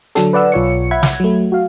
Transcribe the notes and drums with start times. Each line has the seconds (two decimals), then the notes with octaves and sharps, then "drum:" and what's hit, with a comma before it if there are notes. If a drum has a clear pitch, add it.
0.15 D3 F#3 D4 A4, drum: hi-hat
0.33 B4 D5 F#5 E6
0.52 B1 F4 C#5 C#7
0.91 E5 F#5 B5 G#6
1.03 drum: snare
1.20 F#3 A3
1.52 F#4 F5